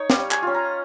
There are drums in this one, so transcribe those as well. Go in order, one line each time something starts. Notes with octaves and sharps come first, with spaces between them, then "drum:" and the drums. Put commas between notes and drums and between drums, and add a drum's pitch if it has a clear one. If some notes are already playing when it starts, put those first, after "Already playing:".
Already playing: D#4 C#5
G3 F5, drum: snare
G#5, drum: clap
C#4 F4
A#5